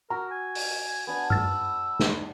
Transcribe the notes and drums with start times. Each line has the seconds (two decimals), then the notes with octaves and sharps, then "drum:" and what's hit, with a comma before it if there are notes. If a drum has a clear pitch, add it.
0.10 F#4 A#4 A#5 E6
0.31 G#5
0.55 drum: open hi-hat
1.07 B3 D4 F#5 G#5
1.30 E6 F6 A6, drum: tom G2
2.00 drum: snare